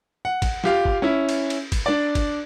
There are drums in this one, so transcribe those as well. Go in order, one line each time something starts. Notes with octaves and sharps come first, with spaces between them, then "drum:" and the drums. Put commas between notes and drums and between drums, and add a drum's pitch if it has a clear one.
F#5
drum: kick, cymbal
F4 G4 F5, drum: snare
drum: kick
C#4 E4
drum: cymbal
drum: cymbal
drum: kick, cymbal
D4 D5
drum: kick, cymbal